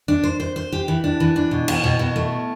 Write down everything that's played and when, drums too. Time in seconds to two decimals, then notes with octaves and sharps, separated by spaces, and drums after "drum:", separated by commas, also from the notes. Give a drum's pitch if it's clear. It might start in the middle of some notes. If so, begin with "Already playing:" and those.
0.08 D4
0.24 C5
0.40 C5
0.56 C5
0.72 G4
0.88 E3
1.04 D4
1.20 E3
1.36 D4
1.51 B2
1.68 B2, drum: cymbal
1.84 B2
1.99 B2
2.16 A3